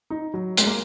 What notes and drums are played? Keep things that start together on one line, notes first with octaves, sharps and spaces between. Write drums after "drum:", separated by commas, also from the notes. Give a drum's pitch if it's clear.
D#4
F#3
G#3, drum: hi-hat
A#3